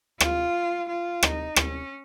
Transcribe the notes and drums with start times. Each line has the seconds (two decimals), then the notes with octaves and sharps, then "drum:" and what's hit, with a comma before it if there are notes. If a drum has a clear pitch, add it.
0.20 F4, drum: rim click
0.88 F4
1.23 D#4, drum: rim click
1.56 C#4, drum: rim click